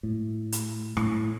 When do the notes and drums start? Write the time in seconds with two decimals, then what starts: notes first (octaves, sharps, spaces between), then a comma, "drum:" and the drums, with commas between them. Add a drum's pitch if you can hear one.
0.03 A2
0.52 drum: hi-hat
0.97 A2, drum: rim click